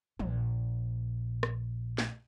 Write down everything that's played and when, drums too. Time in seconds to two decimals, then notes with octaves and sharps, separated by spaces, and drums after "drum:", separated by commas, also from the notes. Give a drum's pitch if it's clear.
0.19 A#1 A#2, drum: tom
1.43 drum: rim click
1.98 drum: snare